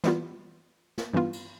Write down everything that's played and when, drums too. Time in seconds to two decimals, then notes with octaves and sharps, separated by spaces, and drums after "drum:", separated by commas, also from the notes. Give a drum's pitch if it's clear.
0.04 E3 G3 B3 F4, drum: snare
0.98 drum: snare
1.13 G2 E3 B3 F4
1.33 drum: cymbal